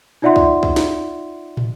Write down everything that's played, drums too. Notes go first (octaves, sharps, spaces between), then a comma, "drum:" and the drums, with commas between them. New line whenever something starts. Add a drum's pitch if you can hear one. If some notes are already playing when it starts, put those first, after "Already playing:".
D#4 F4 D5 E5 F#5 C6
drum: kick
drum: kick
drum: snare
drum: tom